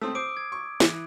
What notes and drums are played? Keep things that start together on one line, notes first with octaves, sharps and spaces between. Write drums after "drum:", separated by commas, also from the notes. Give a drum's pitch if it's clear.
A3 C4 D#6 E6
C5 D6 D7
G#6
C#6
E3, drum: snare